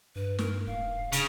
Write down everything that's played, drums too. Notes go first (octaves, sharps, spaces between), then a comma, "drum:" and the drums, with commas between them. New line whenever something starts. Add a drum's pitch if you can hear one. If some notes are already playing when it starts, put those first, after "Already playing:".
G2 B4
A#4, drum: snare
D#1 F5
C#3 D4, drum: hi-hat